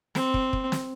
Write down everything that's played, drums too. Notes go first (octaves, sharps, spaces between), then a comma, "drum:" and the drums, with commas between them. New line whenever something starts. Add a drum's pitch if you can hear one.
C4, drum: snare
drum: kick
drum: kick
drum: snare